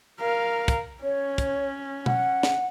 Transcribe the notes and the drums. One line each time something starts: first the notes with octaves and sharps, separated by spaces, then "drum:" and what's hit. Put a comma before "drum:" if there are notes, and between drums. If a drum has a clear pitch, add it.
A#4 F5
drum: kick, hi-hat
C#4 C#5
drum: kick, hi-hat
F#5, drum: tom B2
drum: snare